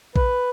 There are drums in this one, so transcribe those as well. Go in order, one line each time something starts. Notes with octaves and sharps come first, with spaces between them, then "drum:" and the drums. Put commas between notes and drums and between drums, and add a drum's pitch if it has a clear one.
B4, drum: kick A#1